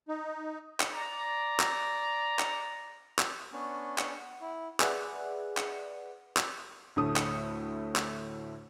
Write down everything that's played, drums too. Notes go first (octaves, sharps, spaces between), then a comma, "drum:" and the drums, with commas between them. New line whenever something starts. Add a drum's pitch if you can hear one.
D#4
drum: clap
D5 A#5
drum: clap
drum: clap
drum: clap
B3 C#4 D4 C#6
drum: clap
F#5
E4
G#4 B4 D5 E5 F#5, drum: clap
drum: clap
drum: clap
D2 A2 A3 D#6
drum: clap
drum: clap